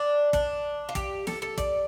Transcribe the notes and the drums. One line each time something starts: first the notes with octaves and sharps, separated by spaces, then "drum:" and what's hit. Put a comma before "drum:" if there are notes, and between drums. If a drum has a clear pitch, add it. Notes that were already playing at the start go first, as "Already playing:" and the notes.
Already playing: D4
D4, drum: kick, hi-hat
F4
G4, drum: kick, hi-hat
A4, drum: snare
A4
D5, drum: kick, hi-hat